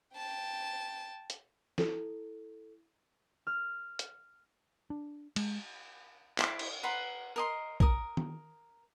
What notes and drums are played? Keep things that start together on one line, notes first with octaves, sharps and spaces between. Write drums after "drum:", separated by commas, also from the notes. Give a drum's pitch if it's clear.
G5 A5
drum: hi-hat
E4 A4, drum: snare
F6
drum: hi-hat
D4
G#3, drum: cymbal
E4 C5 G5 D6, drum: clap
drum: cymbal
B4 F#5 A#5 C6
A#4 D#5 C6
A#4 D#6, drum: kick B1
drum: tom